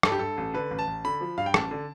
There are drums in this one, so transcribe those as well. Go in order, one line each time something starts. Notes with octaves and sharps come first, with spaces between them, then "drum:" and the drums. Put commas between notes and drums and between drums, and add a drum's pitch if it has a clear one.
G2 A4, drum: rim click
G4
G2 A4
A1
D3 B4
A1
A5
A1
D3 B5
F3
G2 F5
G5
A1 A5, drum: rim click
D3